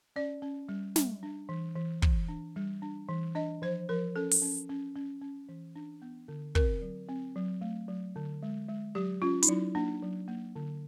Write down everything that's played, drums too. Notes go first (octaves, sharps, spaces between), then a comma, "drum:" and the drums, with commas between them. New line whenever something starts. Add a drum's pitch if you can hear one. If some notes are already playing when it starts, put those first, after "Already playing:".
C#4 D5
C#4
G3
G3, drum: snare
D4
E3
E3
E3, drum: kick
D4
G3
D4
E3
D4 D#5
F3 C5
F3 A#4
C#4 A4
drum: open hi-hat
C#4
C#4
C#4
C#4
E3
D4
B3
D3
C4 A#4, drum: kick
F#3
C4
F#3
A3
F#3
D3
G#3
G#3
F#3 G4
C#4 F4
D#4, drum: hi-hat
F#3 E4
A#3 D4
F#3
A#3
D3